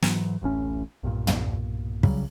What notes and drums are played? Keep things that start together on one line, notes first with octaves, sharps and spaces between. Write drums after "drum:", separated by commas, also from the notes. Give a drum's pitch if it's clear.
G#2 E3 F#3, drum: snare
D1 A1 A2 C#4
B1 G2 A#2
drum: tom
C#2 C#3 F#3 G3, drum: kick